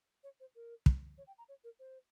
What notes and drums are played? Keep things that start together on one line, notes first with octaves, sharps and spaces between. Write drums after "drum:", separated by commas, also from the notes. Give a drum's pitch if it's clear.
C#5
C5
A#4
drum: kick
C#5
G5
A#5
C#5
A#4
C5